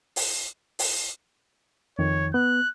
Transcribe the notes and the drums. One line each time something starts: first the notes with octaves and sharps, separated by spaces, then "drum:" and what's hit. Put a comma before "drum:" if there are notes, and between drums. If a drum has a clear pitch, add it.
drum: open hi-hat
drum: open hi-hat
F2 D#3 C#5
B3 F#6